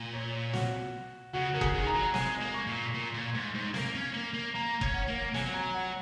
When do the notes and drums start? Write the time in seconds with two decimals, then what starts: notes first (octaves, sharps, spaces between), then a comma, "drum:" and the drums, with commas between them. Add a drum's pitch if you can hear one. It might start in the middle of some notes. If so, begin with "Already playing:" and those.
Already playing: A#2
0.13 C#5
0.53 F#4, drum: snare
1.33 C#3 F#4
1.54 C#3 A#4
1.61 G#4, drum: kick F#1
1.74 D#3
1.87 A#5
1.94 F#3
2.14 G#3 G#5, drum: snare
2.40 A#3
2.54 C#6
2.67 A#2
2.94 A#2
3.14 A#2
3.34 G#2
3.54 G#2
3.74 A#3, drum: snare
3.95 C#4
4.14 A#3
4.34 A#3
4.54 A#3 A#5
4.81 C#4, drum: kick F#1
4.94 F#5
5.08 A#3
5.34 F#3 G#5, drum: snare
5.54 A#5
5.74 F#5